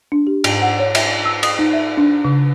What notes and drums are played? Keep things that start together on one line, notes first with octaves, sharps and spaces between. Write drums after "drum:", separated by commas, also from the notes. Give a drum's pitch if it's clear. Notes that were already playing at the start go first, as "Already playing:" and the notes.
D4
G4
G#2, drum: cymbal
F#5
C#5
E5, drum: cymbal
E6
D#6, drum: cymbal
D#4
E5
D4
C#3